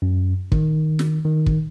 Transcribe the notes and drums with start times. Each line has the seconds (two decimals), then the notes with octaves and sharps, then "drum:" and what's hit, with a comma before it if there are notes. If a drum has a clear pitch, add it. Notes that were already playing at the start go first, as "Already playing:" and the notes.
0.02 F#2
0.52 D#3, drum: kick
0.99 drum: snare
1.25 D#3
1.46 drum: kick